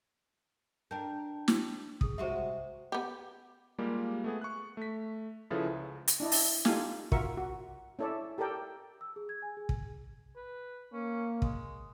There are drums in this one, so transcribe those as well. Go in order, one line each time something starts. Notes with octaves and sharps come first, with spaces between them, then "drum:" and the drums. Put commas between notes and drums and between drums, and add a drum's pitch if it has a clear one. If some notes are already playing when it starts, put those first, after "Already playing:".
D4 A#4 G5 A5 G6
drum: snare
G#4 D#6, drum: kick
C3 G#3 F#4 C5 E5
B3 G4
G3 G#3 A#3 F4 G4
A3 B3 G#4
C#6 F#6
A3 B6
C#3 F3 E4 G#4 A4 B4
C#2
drum: hi-hat
D4 E4 D#5
drum: open hi-hat
D#4 F4 G4 A4 F5 G#5, drum: snare
F4 F#4 A#4 E5 C#6, drum: kick
F#4
C#4 E4 A4 C#5 D5 E5
G4 A4 A#4 D5 G5
E6
G#4
G#6
G#5
G#4
drum: kick
B4
A#3 C#4
G#3, drum: kick